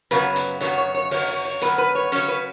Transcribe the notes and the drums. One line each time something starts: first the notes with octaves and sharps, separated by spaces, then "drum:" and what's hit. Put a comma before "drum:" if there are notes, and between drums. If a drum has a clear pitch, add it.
F#2 C#3 F#3 B3 B4, drum: hi-hat
drum: hi-hat
F#2 C#3 F#3 B3 C#5, drum: hi-hat
C#5
C#5
F#2 C#3 F#3 B3 C#5, drum: open hi-hat
C#5
C#5
F#2 C#3 F#3 B3 B4, drum: hi-hat
B4
C#5
C#3 F#3 C#4 C#5, drum: hi-hat
B4